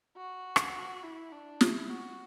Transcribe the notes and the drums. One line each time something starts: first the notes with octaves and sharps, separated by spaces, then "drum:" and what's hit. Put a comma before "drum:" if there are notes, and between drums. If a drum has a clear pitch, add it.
F#4
drum: rim click
E4
D4
E4, drum: snare
F#4